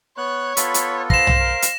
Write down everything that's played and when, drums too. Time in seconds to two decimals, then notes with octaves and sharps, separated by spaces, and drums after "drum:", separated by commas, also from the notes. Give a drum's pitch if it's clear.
0.18 B3 C#5 F#6
0.57 B3 F4 A4 B5, drum: hi-hat
0.74 drum: hi-hat
1.10 C5 F5 A#6 E7, drum: kick
1.27 drum: tom
1.40 A#4
1.62 drum: hi-hat